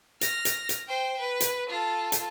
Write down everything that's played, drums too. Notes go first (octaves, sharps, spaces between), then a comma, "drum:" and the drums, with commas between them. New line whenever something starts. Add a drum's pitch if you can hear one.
F6 A#6, drum: hi-hat
drum: hi-hat
drum: hi-hat
C5 G5
B4
drum: hi-hat
F4 A4
drum: hi-hat